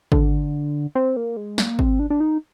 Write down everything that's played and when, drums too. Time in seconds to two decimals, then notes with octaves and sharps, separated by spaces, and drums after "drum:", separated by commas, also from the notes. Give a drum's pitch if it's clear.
0.12 D3, drum: kick G#1
0.95 C4
1.17 A#3
1.37 G#3
1.58 A#3, drum: snare
1.79 C4, drum: kick G#1
1.99 D4
2.10 D4
2.20 D#4